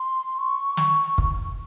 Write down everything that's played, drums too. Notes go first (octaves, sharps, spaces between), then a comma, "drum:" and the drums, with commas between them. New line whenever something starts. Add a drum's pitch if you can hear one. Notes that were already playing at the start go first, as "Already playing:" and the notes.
Already playing: C6
C#6
C#6, drum: snare
drum: kick